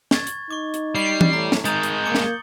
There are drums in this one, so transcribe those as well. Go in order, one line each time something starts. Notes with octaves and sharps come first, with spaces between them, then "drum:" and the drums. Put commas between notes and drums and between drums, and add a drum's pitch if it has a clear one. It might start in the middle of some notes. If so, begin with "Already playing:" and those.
C#6 G#6 A6, drum: snare
drum: hi-hat
D#4 C#6 D6
drum: hi-hat
G3 C7
drum: tom E3
A2 A#5
drum: snare
D#3 G#3 A#4 D#6 G6 A6 F#7, drum: hi-hat
drum: hi-hat
A#3 D6 C#7
drum: snare